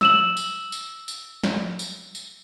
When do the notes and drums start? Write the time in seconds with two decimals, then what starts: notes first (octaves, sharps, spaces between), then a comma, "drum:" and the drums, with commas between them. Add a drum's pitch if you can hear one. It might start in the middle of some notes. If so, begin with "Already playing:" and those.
0.01 E6 E7 F#7, drum: snare
0.37 drum: tambourine
0.72 drum: tambourine
1.08 drum: tambourine
1.44 drum: snare
1.79 drum: tambourine
2.15 drum: tambourine